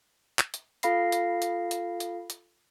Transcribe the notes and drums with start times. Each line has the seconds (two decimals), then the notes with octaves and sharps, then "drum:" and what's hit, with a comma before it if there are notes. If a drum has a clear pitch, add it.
0.39 drum: clap
0.54 drum: hi-hat
0.83 F4 A4 F5 B5 A#6 C7, drum: hi-hat
1.12 drum: hi-hat
1.42 drum: hi-hat
1.71 drum: hi-hat
2.00 drum: hi-hat
2.30 drum: hi-hat